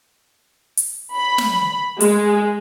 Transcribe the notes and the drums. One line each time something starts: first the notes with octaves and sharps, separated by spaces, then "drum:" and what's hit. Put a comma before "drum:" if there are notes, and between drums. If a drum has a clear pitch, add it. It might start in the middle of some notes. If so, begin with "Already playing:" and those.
drum: hi-hat
B5
drum: snare
G#3, drum: hi-hat